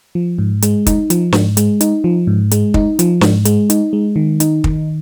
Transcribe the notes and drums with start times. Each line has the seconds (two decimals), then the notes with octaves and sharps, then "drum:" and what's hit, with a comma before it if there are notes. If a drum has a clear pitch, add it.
0.15 F3
0.39 G#2
0.62 G#3, drum: hi-hat
0.87 D#4, drum: kick, hi-hat
1.10 F3, drum: hi-hat
1.32 G#2, drum: snare
1.57 G#3, drum: hi-hat
1.81 D#4, drum: hi-hat
2.04 F3
2.27 G#2
2.51 G#3, drum: hi-hat
2.74 D#4, drum: kick
2.99 F3, drum: hi-hat
3.21 G#2, drum: snare
3.45 G#3, drum: hi-hat
3.70 D#4, drum: hi-hat
3.93 G#3
4.16 D#3
4.40 D#4, drum: hi-hat
4.64 D#3, drum: kick